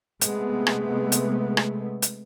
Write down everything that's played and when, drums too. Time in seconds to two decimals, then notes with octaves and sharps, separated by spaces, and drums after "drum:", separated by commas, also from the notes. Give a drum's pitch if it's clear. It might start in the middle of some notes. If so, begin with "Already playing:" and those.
0.21 C3 G#3 A3 B3, drum: hi-hat
0.67 drum: rim click
1.12 drum: hi-hat
1.57 drum: rim click
2.02 drum: hi-hat